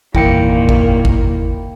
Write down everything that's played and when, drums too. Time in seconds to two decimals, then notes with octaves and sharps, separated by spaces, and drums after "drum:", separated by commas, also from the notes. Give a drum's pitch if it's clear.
0.15 G1 E2 A#2 D#3 A#3 E4 G5 C#7, drum: kick A1
0.69 drum: kick A1
1.05 drum: kick A1